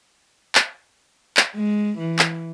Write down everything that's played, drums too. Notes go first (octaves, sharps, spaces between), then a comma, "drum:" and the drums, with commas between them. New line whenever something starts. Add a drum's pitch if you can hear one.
drum: clap
drum: clap
G#3
E3
drum: clap